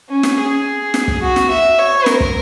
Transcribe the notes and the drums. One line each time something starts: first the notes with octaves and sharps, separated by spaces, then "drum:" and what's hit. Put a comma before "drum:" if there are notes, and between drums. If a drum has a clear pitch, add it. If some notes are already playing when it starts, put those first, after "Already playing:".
C#4
drum: snare
G#4
drum: snare
drum: kick
F#4
drum: snare
E5
C#5
A#4, drum: snare
drum: kick